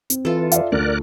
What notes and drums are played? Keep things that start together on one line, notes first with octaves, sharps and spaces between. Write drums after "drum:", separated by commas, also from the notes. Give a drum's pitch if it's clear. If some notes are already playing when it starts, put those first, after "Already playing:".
C4, drum: hi-hat
E3 F4 A4
D5 E5 F5, drum: hi-hat
D2 A#4 D5 F#6